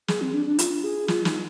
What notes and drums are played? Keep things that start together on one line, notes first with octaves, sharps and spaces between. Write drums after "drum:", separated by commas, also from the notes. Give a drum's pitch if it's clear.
G#4, drum: snare
C4
D4
D4
F4, drum: hi-hat
G#4
F4, drum: snare
D#4, drum: snare